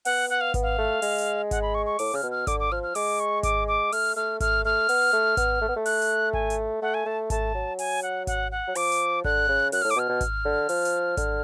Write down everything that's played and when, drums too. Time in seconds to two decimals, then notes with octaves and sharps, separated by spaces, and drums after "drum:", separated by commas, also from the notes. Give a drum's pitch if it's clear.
0.05 B3 F#5, drum: open hi-hat
0.30 F#5
0.41 F5
0.54 B3, drum: kick G#1, hi-hat
0.62 F5
0.78 A3
1.02 G#3, drum: open hi-hat
1.18 drum: hi-hat
1.51 F#5, drum: kick G#1, hi-hat
1.62 B5
1.74 C#6
1.86 C#6
1.99 A2 D6, drum: open hi-hat
2.13 C#3 F6
2.23 B2
2.31 F6
2.47 D3 D6, drum: kick G#1, hi-hat
2.60 D6
2.72 F3 F6
2.83 F6
2.95 G#3 D6, drum: open hi-hat
3.20 C#6
3.43 D6, drum: kick G#1, hi-hat
3.68 D6
3.92 A3 F6, drum: open hi-hat
4.16 A3 F6
4.40 A3 F6, drum: kick G#1, hi-hat
4.65 A3 F6
4.89 B3, drum: open hi-hat
5.13 A3
5.37 B3, drum: kick G#1, hi-hat
5.61 A3
5.69 B3
5.76 A3
5.86 F#6, drum: open hi-hat
6.02 drum: hi-hat
6.33 G#5, drum: kick G#1
6.50 drum: hi-hat
6.82 A3 F#5
6.94 G#5
7.06 A3 A5
7.30 A3 A5, drum: kick G#1, hi-hat
7.55 F#3
7.79 G#5, drum: open hi-hat
8.03 F#5
8.27 F#5, drum: kick G#1, hi-hat
8.52 F#5
8.68 F#3
8.75 F3 D6, drum: open hi-hat
8.92 drum: hi-hat
9.24 D3 F#6, drum: kick G#1
9.48 C#3
9.72 F#2 F#6, drum: open hi-hat
9.82 A2 F6
9.90 D6, drum: hi-hat
9.96 B2 F6
10.09 B2
10.21 drum: kick G#1, hi-hat
10.45 D3
10.69 F3, drum: open hi-hat
10.85 drum: hi-hat
11.17 D3, drum: kick G#1, hi-hat